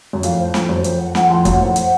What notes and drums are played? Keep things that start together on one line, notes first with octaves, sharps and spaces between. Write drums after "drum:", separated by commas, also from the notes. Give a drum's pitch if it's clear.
F#2
F2 A2 F5, drum: hi-hat
C5
F2 A2 C5, drum: snare
F#2 C5
F2 C5, drum: hi-hat
F#5
F2 F#5, drum: snare
F2 A2 C6
F#2 A#2 F#5, drum: kick, hi-hat
F2 A2 C5
F#5, drum: hi-hat